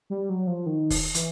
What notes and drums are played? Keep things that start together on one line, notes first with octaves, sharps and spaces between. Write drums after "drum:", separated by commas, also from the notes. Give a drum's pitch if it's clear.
G3
F#3
F3
D#3
drum: kick, open hi-hat
E3, drum: hi-hat